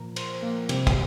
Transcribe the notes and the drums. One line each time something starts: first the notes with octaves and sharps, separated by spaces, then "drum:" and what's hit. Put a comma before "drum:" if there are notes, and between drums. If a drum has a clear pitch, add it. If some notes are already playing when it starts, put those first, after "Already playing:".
Already playing: A#2 F3 A#4
C5, drum: cymbal
A#3
C3 G3 C4, drum: cymbal
drum: kick, cymbal